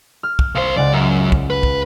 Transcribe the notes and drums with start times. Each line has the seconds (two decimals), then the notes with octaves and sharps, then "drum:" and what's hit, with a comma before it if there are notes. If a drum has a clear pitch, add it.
0.23 F6
0.39 drum: kick
0.55 C2 C5 F5
0.77 C#2 D5 F#5
0.93 F#2
1.32 drum: kick
1.50 B4
1.63 drum: kick